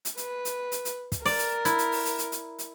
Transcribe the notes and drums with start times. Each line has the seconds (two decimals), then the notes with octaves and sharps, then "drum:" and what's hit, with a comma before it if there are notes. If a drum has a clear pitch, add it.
0.05 drum: hi-hat
0.17 B4, drum: hi-hat
0.45 drum: hi-hat
0.72 drum: hi-hat
0.85 drum: hi-hat
1.12 drum: kick, hi-hat
1.26 A#4 D5, drum: open hi-hat
1.38 drum: hi-hat
1.65 E4, drum: hi-hat
1.78 drum: hi-hat
1.92 drum: open hi-hat
2.05 drum: hi-hat
2.19 drum: hi-hat
2.32 drum: hi-hat
2.59 drum: hi-hat